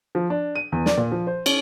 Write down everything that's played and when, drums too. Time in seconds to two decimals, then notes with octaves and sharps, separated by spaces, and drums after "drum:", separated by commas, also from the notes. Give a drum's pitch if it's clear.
0.15 F3
0.30 D4
0.56 D#7
0.72 E2
0.86 D5, drum: snare
0.97 A#2
1.12 F3
1.27 C5
1.46 C#4, drum: cymbal